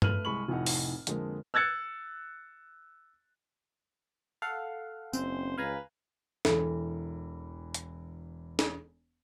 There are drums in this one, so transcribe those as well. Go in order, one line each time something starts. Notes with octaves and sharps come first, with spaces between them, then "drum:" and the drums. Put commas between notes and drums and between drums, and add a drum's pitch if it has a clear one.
A3 B4 F6 D#7 F#7, drum: tom G2
C2 G#3 B5 C#6 F#7
F1 A2 D#4 F#5
drum: open hi-hat
F2 D3 G#3 A#3, drum: hi-hat
E6 F#6 G#6 A6 C#7
A4 F5 F#5
F#1 C4 C#4 C5, drum: tambourine
C#2 B4 F5 G#5 A#5
E1 E3 A4, drum: snare
drum: hi-hat
drum: snare